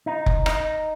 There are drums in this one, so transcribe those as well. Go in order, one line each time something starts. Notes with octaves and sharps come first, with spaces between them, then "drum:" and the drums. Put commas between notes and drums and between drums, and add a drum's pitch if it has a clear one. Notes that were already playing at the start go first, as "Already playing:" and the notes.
D#4
drum: kick F1
D#4, drum: rim click